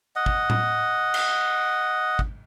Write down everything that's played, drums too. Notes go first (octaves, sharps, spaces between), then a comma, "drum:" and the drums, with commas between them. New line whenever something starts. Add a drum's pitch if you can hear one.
D#5 F#5
drum: kick
drum: tom A2
drum: cymbal
drum: kick